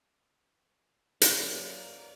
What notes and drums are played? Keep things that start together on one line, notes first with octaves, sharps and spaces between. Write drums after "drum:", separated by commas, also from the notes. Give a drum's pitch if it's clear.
F#2 F3 A#3 B3 A#4 C#5 D5, drum: hi-hat